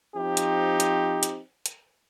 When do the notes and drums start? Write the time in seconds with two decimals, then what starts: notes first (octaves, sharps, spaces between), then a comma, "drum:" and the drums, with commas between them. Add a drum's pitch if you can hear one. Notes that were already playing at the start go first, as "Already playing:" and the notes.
0.16 F3 C4 D#4 G4
0.37 drum: hi-hat
0.80 drum: hi-hat
1.23 drum: hi-hat
1.66 drum: hi-hat